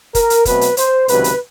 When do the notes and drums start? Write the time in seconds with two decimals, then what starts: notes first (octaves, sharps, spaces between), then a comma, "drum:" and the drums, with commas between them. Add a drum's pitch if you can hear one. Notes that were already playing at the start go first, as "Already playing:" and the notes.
0.15 A#4, drum: kick, hi-hat
0.30 drum: hi-hat
0.45 B2 F#3 A3 C4 B4, drum: kick, hi-hat
0.61 drum: hi-hat
0.77 C5, drum: hi-hat
1.08 C#2 C3 D#3 F#3 B4, drum: hi-hat
1.24 drum: hi-hat